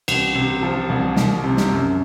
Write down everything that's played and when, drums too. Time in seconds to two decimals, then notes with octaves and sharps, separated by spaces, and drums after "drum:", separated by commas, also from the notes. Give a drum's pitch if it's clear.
0.08 C2, drum: cymbal
0.35 C3
0.63 F3
0.90 C2
1.16 C2, drum: snare
1.44 C3
1.57 drum: snare
1.71 F#2